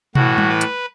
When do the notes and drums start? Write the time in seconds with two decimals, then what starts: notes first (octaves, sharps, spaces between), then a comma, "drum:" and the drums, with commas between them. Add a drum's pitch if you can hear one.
0.15 A2 E3 F#4, drum: tom
0.38 drum: tom G3
0.49 B4
0.61 drum: hi-hat